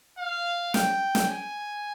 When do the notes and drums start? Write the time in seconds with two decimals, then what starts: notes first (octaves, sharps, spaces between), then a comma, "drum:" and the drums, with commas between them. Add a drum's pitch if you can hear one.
0.18 F5
0.74 G5, drum: snare
1.15 drum: snare
1.30 G#5